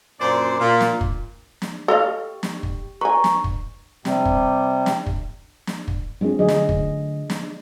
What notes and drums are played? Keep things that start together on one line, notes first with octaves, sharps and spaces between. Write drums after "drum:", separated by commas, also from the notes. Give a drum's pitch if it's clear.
F#2 A#2 D4 C5 D5
A#2
drum: snare
drum: kick
drum: snare
G4 A4 D#5 F5
drum: snare
drum: kick
B4 G#5 A#5 C#6
drum: snare
drum: kick
C3 G3, drum: snare
drum: kick
drum: snare
drum: kick
drum: snare
drum: kick
F#3 G#3 C4 D4 F4 G#4
D3 F#3 A3 G#4 D#5
drum: snare
drum: kick
drum: snare